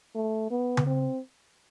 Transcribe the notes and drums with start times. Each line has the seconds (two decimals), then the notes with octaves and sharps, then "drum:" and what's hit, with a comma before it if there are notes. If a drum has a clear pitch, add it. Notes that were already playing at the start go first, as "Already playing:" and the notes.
0.15 A3
0.51 B3
0.77 drum: tom C#3
0.87 C4